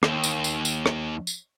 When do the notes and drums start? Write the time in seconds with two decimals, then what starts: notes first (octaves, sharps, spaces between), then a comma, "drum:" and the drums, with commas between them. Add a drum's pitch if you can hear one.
0.03 D#2, drum: rim click
0.24 drum: tambourine
0.44 drum: tambourine
0.65 drum: tambourine
0.86 drum: rim click
1.27 drum: tambourine